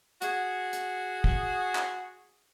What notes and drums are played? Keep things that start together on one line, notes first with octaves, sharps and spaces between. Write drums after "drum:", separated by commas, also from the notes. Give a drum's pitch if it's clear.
F#4 G#4, drum: hi-hat
drum: hi-hat
drum: kick
drum: clap